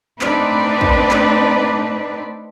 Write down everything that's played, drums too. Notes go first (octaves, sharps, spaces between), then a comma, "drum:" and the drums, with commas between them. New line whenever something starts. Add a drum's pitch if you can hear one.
A3 C4 D4 D#4 B4 D5, drum: clap
drum: kick
drum: clap